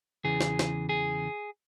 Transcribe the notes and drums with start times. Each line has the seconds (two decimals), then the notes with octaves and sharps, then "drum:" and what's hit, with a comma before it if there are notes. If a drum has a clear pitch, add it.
0.24 E2 C#3 E3 G#4
0.41 drum: snare
0.59 drum: snare
0.89 G#4